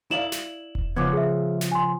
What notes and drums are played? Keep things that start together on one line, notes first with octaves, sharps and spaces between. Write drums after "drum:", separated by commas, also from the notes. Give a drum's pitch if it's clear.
E4 D5 F5 E7 F#7
drum: snare
drum: kick E1
C#3 F3 B3 D6 G#6
G#4 E5
drum: snare
G#5 C6